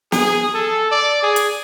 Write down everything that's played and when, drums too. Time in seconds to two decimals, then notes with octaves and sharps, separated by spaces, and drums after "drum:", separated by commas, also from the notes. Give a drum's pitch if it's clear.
0.12 G#4, drum: snare
0.54 A4
0.91 D5
1.23 G#4
1.36 drum: hi-hat